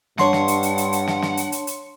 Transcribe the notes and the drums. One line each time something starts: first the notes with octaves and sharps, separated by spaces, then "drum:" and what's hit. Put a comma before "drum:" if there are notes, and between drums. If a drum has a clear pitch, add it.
G2 D4 C#5 F#5 A5 C6 C#7, drum: snare
drum: snare
drum: hi-hat
drum: hi-hat
drum: hi-hat
drum: hi-hat
drum: snare
drum: snare
drum: hi-hat
drum: hi-hat
drum: hi-hat